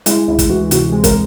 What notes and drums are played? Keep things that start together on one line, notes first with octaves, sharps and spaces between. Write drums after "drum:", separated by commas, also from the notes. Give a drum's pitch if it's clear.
G#3 E4, drum: hi-hat
D2 E4
drum: kick, hi-hat
E3 F#4
C3 F#4, drum: hi-hat
G#3
A#4, drum: kick, hi-hat